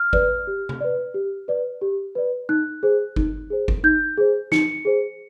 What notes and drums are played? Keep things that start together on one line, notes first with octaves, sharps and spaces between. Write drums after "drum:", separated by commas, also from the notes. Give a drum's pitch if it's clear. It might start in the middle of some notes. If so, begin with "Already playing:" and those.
Already playing: F6
B4 D5, drum: kick G1
G4
drum: tom C3
B4 D5
G4
B4 D5
G4
B4 D5
D#4 F#6
G#4 C5
D#4, drum: kick G1
G#4 C5
drum: kick G1
D#4 G6
G#4 C5
D#4 C#7, drum: snare
G#4 C5